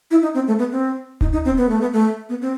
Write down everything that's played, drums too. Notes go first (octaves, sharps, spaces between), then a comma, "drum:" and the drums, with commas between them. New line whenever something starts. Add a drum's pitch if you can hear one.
E4
D#4
C4
A3
B3
C4
D#4, drum: kick D1
D#4
C4
B3
A3
B3
A3
B3
C4